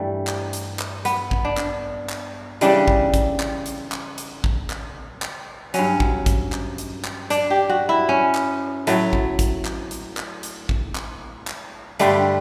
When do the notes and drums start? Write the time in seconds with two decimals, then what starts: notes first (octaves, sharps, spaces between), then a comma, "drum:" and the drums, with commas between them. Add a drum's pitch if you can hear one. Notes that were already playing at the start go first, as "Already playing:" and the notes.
Already playing: G2 E3 G3 A3
0.27 drum: clap
0.53 drum: hi-hat
0.79 drum: clap
1.05 B3, drum: hi-hat
1.31 drum: kick
1.45 D4
1.57 drum: clap
2.09 drum: clap
2.61 C#3 E3 G3 D4, drum: hi-hat
2.88 drum: kick
3.14 drum: kick, hi-hat
3.40 drum: clap
3.66 drum: hi-hat
3.92 drum: clap
4.18 drum: hi-hat
4.44 drum: kick
4.70 drum: clap
5.22 drum: clap
5.74 G2 F#3 C#4, drum: hi-hat
6.00 drum: kick
6.26 drum: kick, hi-hat
6.52 drum: clap
6.78 drum: hi-hat
7.04 drum: clap
7.30 D4, drum: hi-hat
7.50 G4
7.70 F#4
7.89 E4
8.09 C#4
8.35 drum: clap
8.87 A2 F#3 A3, drum: hi-hat
9.13 drum: kick
9.39 drum: kick, hi-hat
9.65 drum: clap
9.91 drum: hi-hat
10.17 drum: clap
10.43 drum: hi-hat
10.69 drum: kick
10.95 drum: clap
11.47 drum: clap
12.00 G2 D3 G3 A3, drum: hi-hat